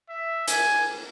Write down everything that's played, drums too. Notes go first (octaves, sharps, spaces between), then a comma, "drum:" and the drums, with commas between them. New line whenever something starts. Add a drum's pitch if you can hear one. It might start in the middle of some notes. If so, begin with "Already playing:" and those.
E5
G#5, drum: hi-hat